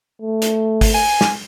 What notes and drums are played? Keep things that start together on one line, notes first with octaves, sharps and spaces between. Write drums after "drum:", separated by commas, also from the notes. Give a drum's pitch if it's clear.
A3
drum: hi-hat
drum: kick, open hi-hat
G#5
drum: snare